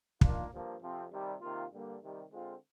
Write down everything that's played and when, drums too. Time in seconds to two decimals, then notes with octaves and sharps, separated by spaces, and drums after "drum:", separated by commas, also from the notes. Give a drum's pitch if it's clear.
0.21 D#3 A#3 D4 F4, drum: kick
0.50 G2 F3 A#3
0.81 F2 C3 F3 C4
1.10 C3 D#3 G3
1.40 C3 D#3 A#3 F4
1.71 G2 D3 G3 A#3
2.00 C3 D#3 G3
2.30 D3 G#3 C4 F4